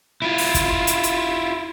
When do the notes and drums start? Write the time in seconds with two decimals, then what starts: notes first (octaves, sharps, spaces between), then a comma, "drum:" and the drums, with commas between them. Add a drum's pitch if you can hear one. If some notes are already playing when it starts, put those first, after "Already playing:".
0.22 E4 F4
0.38 drum: open hi-hat
0.55 drum: kick, hi-hat
0.87 drum: hi-hat
1.03 drum: hi-hat